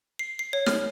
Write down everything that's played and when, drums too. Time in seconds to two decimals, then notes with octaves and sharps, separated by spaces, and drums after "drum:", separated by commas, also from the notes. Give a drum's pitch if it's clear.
0.19 C7
0.39 C7
0.53 C#5
0.66 F6, drum: snare